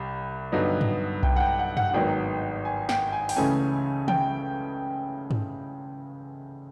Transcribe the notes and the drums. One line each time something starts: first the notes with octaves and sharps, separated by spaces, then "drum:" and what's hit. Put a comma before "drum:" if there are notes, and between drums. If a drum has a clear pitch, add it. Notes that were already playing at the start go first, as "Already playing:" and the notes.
Already playing: C2 G3
G2 D3 F#3 B3 D#4
drum: tom G2
G5, drum: kick B1
F#5
G5
F#5
F#5, drum: tom F#2
F#5
G#1 G#2 D#3 F#3 B3 G5
G#5
G5, drum: snare
G#5
G5, drum: open hi-hat
C#2 C#3 E3 A3 C#4 G#5
G5, drum: tom
drum: tom G2